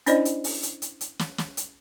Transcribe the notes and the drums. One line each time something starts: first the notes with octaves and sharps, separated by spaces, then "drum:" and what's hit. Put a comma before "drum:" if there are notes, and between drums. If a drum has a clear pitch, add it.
C#4 D4 E4 C5 D5 D#5, drum: hi-hat
drum: hi-hat
drum: open hi-hat
drum: hi-hat
drum: hi-hat
drum: hi-hat
drum: snare
drum: snare
drum: hi-hat